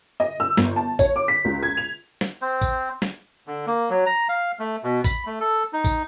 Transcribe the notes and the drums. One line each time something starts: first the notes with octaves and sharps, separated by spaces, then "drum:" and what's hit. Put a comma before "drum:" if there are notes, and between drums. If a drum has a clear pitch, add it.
D#5
E6
G1, drum: snare
A5
C#5, drum: kick A1, tambourine
D6
B6
C#2
G#6
F7
drum: snare
C4 C5
drum: kick A1, tambourine
drum: snare
D3
A#3
F#3
A#5
F5
A3
B2
B5, drum: kick A1, tambourine
A3
A4
D#4
drum: kick A1, tambourine